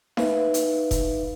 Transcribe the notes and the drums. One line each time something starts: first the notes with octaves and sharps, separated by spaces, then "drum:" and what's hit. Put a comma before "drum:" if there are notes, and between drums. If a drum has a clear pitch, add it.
D#4 B4 E5 F5, drum: snare D#4
drum: hi-hat
drum: kick F1, hi-hat